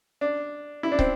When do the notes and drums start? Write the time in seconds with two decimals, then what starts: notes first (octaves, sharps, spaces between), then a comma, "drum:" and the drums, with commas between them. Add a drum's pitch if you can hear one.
0.21 D4
0.83 E4
0.92 D4
0.99 C4, drum: kick